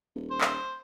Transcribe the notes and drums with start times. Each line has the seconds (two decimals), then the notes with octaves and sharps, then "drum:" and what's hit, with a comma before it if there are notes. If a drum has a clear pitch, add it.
0.15 D#1
0.31 C5
0.41 drum: clap